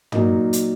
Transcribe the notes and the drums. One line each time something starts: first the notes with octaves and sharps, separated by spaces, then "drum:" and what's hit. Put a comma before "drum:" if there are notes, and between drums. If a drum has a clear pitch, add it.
A#2 F#3 A#3 D#4, drum: tom
drum: hi-hat